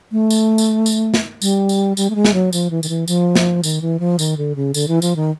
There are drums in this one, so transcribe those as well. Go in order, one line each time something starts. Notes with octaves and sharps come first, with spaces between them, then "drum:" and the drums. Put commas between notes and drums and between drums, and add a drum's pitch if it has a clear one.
A3
drum: tambourine
drum: tambourine
drum: tambourine
drum: snare
G3, drum: tambourine
drum: tambourine
G3, drum: tambourine
A3
G#3
drum: snare
F#3
F3, drum: tambourine
E3
D#3, drum: tambourine
E3
F3, drum: tambourine
drum: snare
D#3, drum: tambourine
E3
F3
D#3, drum: tambourine
D3
C#3
D3, drum: tambourine
E3
F3, drum: tambourine
D#3